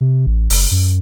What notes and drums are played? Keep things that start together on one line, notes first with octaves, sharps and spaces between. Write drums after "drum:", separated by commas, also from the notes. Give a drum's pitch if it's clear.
C3
A1
F#1, drum: open hi-hat
F#2